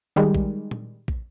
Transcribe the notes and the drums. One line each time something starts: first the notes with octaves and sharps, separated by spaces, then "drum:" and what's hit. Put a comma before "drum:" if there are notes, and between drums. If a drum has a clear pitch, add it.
D#3 G3 G#3
drum: kick
drum: tom A#2
drum: kick